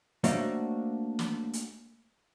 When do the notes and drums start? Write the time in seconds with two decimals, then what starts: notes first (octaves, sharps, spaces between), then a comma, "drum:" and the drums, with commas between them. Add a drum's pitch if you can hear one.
0.24 A3 A#3 D4 F#4 C5 C#5, drum: hi-hat
1.19 drum: snare
1.53 drum: hi-hat